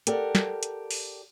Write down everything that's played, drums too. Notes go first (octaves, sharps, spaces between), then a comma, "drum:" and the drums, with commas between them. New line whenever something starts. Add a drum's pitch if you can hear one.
G4 A4 A#4 D5 F#5, drum: hi-hat
drum: snare
drum: hi-hat
drum: open hi-hat